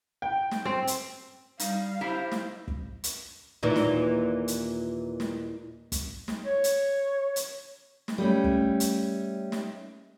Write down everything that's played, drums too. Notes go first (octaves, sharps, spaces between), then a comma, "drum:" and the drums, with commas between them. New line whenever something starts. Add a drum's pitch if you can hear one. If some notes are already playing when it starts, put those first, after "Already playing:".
G5
drum: snare
C4
drum: hi-hat
G3 D#4 F5, drum: hi-hat
E4 G4 C5 A#5
drum: snare
drum: kick
drum: hi-hat
D#2 A#2 E3
drum: snare
drum: hi-hat
drum: snare
drum: kick, hi-hat
drum: snare
C#5
drum: hi-hat
drum: hi-hat
drum: snare
G3 A3 C#4
drum: kick
drum: hi-hat
drum: snare